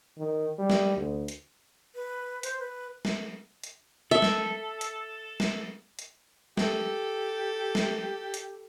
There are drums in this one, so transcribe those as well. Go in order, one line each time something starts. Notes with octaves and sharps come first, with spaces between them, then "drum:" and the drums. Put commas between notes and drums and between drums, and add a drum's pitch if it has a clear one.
D#3
G3
drum: snare
D2
drum: hi-hat
B4
C5, drum: hi-hat
B4
drum: snare
drum: hi-hat
A4 E5
drum: snare
drum: hi-hat
drum: snare
drum: hi-hat
G4 A4, drum: snare
drum: snare
drum: hi-hat